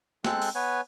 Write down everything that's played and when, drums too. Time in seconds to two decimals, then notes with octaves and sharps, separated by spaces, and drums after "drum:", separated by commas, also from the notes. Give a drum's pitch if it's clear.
0.24 G#3 C4 A4 F#6, drum: snare
0.42 drum: open hi-hat
0.55 B3 B4 C#5 G#5